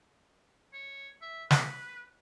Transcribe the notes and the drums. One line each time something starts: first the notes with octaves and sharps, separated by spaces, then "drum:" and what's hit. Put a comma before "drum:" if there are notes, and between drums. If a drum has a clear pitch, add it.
C#5
E5
B4, drum: snare